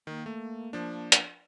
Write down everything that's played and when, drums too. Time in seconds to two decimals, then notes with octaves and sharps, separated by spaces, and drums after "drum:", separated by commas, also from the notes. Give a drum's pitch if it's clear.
0.07 D#3 A#3
0.26 A3
0.73 F3 D4
1.12 drum: hi-hat